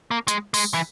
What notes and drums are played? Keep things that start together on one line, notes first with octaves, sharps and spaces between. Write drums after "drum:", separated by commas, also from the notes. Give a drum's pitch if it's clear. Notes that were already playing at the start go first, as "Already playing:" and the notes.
A#3
G#3, drum: hi-hat
G#3, drum: open hi-hat
E3